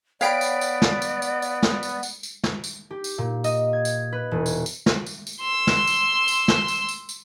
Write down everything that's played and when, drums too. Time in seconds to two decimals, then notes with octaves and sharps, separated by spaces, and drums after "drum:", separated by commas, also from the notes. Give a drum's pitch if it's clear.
0.21 B3 C#5 D5 F5 G5 B5 B6 D7, drum: tambourine
0.41 drum: tambourine
0.61 drum: tambourine
0.82 drum: snare
1.02 drum: tambourine
1.22 drum: tambourine
1.42 drum: tambourine
1.63 drum: snare
1.83 drum: tambourine
2.03 drum: tambourine
2.23 drum: tambourine
2.43 drum: snare
2.64 drum: tambourine
2.91 G4
3.04 drum: tambourine
3.18 A#2
3.44 D#5, drum: tambourine
3.73 G#6
3.85 drum: tambourine
4.12 B4
4.31 E1
4.46 drum: tambourine
4.66 drum: tambourine
4.86 drum: snare
5.06 drum: tambourine
5.27 drum: tambourine
5.40 C6 E6
5.67 drum: snare
5.87 drum: tambourine
6.28 drum: tambourine
6.48 drum: snare
6.68 drum: tambourine
6.89 drum: tambourine
7.09 drum: tambourine